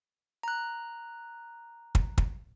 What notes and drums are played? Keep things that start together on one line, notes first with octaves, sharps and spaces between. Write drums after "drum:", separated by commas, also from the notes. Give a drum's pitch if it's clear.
A#5 F#6
drum: kick
drum: kick